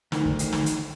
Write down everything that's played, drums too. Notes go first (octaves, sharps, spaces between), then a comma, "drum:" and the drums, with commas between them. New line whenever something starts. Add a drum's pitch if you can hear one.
D2 D#3, drum: snare
drum: kick
drum: hi-hat
drum: snare
drum: hi-hat